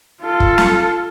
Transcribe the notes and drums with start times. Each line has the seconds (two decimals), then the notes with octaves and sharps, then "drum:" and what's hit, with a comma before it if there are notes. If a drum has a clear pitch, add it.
0.23 F4 A4
0.40 drum: kick
0.58 drum: snare